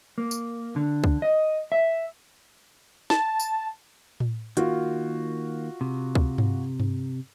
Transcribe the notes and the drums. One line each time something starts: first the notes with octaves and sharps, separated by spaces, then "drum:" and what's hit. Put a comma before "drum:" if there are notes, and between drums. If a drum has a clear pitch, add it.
A#3
drum: tambourine
D3
drum: kick C#2
D#5
E5
A5, drum: snare
drum: tambourine
drum: tom A2
D#3 A#3 F4 F#4, drum: hi-hat
C3
drum: kick C#2
drum: tom G2
drum: tom G2